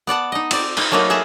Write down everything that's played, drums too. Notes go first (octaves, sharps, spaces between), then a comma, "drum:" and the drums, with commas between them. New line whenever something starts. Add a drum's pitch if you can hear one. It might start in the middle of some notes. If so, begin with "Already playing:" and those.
B3 D5 F#5 A5
D#4 D#5
C4 D5, drum: cymbal
C4 D#4 B4, drum: cymbal
F#3 A3 A#3 D#4 B4
G#4 B4 E5 A5 A#5